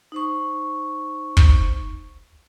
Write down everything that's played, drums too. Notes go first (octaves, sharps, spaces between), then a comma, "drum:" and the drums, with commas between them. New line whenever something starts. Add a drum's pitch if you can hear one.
D#4 C5 C#6
drum: kick